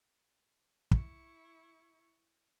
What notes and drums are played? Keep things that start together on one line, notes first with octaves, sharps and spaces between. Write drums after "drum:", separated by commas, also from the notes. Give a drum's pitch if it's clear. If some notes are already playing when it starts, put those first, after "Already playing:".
E4 C#6, drum: kick